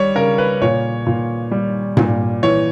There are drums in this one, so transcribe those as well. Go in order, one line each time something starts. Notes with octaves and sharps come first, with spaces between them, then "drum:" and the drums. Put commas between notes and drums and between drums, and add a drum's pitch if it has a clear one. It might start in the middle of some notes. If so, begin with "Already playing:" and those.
Already playing: G3 C#5
C#3 A#4
B4
A#2 C#5
A#2
G3
A#2, drum: tom G#2
E3 C#5